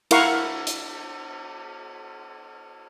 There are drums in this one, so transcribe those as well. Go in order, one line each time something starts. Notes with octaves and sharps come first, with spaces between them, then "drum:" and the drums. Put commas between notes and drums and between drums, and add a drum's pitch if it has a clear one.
E4 A#4 F5 F#5 C#6, drum: cymbal
drum: hi-hat